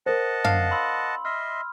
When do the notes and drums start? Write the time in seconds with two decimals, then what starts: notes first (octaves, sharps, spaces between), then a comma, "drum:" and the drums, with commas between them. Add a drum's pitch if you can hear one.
0.06 A#4 C5 D#5 F#5 A5
0.44 D4 F5, drum: tom
0.71 B5 C6 E6
1.25 D#5 E5 C6 F6